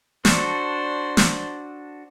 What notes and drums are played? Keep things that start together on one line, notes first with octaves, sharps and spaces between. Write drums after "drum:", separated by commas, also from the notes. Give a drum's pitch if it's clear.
D4 F#4 A4 C5 D5, drum: snare
drum: snare